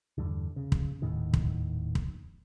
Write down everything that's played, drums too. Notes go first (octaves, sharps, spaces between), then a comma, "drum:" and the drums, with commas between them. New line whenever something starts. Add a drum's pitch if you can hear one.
E2 G2 D3
C#3
drum: kick
D#1 A2 D#3
drum: kick
drum: kick